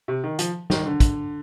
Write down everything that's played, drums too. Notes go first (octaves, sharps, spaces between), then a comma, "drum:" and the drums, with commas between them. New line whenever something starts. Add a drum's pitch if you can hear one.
C3
D#3
F3, drum: hi-hat
D#3, drum: snare
D3
drum: kick, hi-hat